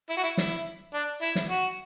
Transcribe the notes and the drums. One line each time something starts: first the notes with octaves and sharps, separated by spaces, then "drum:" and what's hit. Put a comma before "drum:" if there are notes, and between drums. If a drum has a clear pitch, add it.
E4
F#4
E4
E4, drum: snare
D4
E4
drum: snare
F#4